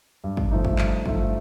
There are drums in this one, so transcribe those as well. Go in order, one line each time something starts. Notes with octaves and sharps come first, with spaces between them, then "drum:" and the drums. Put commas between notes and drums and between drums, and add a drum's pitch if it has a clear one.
G2
drum: kick
F3 A3 D#4
drum: kick
G2, drum: clap
F3 A3 D#4, drum: kick